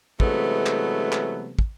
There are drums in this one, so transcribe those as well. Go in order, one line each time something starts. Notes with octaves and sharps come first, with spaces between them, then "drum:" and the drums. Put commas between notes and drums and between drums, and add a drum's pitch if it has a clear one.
C3 E3 F#3 G#3 A3 B3, drum: kick
drum: clap
drum: clap
drum: kick